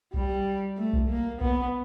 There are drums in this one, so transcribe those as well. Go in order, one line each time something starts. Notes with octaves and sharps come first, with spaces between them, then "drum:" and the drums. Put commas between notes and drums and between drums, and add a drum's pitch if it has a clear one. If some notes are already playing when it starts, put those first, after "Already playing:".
G3, drum: kick B1
A3
drum: kick B1
A#3
B3, drum: kick B1